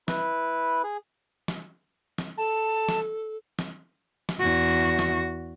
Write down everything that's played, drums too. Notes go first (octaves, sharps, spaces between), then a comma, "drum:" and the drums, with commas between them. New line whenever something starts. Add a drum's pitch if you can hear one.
E4 B4, drum: snare
G#4
drum: snare
drum: snare
A4 A5
drum: snare
drum: snare
drum: snare
E2 F#4
drum: snare